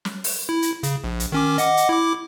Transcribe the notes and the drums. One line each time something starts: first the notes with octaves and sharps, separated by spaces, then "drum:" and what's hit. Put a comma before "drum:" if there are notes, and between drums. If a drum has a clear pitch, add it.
drum: snare
drum: open hi-hat
E4
drum: hi-hat
C#3, drum: hi-hat
A#1
drum: hi-hat
D#3 C#4 D6
D#5 F#5 D6, drum: hi-hat
drum: hi-hat
E4 D6